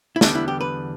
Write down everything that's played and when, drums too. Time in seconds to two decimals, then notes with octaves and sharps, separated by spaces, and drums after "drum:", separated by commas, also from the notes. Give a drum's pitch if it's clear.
0.16 E4
0.21 E2 D3 G3 B3 D4, drum: snare
0.35 E4
0.48 G4
0.61 B4